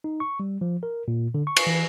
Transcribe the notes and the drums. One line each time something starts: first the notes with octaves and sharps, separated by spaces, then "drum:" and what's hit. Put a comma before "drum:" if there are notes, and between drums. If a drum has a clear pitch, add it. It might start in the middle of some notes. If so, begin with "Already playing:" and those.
D#4
C#6
G3
F3
A#4
A#2
D3
C#6
drum: cymbal
E3